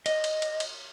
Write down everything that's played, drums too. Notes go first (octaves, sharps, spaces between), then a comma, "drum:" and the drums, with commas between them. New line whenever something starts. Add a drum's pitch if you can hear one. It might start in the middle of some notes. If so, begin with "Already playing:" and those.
D#5, drum: cymbal
drum: cymbal
drum: cymbal
drum: cymbal